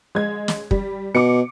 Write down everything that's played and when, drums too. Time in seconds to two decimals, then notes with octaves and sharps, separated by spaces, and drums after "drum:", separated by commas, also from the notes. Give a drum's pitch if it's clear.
0.15 G#3 G#6
0.48 drum: snare
0.71 G3, drum: kick
1.15 B2 D6 C#7